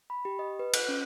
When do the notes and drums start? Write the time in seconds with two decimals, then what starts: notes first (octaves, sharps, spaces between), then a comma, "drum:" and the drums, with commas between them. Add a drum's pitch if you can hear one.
0.10 B5
0.25 G4
0.39 D#5
0.59 B4
0.74 F#6, drum: cymbal
0.89 C#4